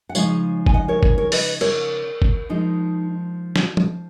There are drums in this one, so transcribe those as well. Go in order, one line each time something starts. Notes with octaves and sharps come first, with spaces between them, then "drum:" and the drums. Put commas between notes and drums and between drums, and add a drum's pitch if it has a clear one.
F#5
C#3 F3 G#3 D#4 C#5 F5, drum: tambourine
G#5, drum: kick
D#5 F#5
A#4 C#5
A#4 C#5, drum: kick
A#4 C#5
B4 D#5, drum: open hi-hat
A#4 C#5, drum: cymbal
drum: kick
F3 G#3 D#4
drum: snare
drum: tom